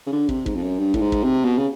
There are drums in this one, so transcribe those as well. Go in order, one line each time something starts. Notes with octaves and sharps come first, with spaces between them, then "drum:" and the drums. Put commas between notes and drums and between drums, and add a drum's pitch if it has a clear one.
C#3
D3
C3, drum: kick
G#2, drum: kick
F2
F#2
G2
A2, drum: kick
G#2
drum: kick
C3
B2
C#3